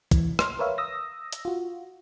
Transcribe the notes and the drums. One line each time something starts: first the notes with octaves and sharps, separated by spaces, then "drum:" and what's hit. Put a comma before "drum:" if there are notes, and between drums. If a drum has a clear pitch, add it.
E3, drum: kick, hi-hat
C6 F6, drum: rim click
A#4 B4 C#5 E5 F5
D#6 E6 A#6
drum: hi-hat
F4 F#4